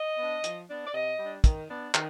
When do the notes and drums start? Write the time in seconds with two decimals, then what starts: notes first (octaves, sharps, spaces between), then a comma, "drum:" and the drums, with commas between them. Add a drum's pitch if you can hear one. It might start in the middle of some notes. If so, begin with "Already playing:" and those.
Already playing: D#5
0.18 B3 D4
0.44 F3, drum: hi-hat
0.69 B3 D4
0.85 D5
0.94 C3 D#5
1.19 G3 D4
1.44 D#3, drum: kick, hi-hat
1.69 B3 D4
1.94 D#3, drum: clap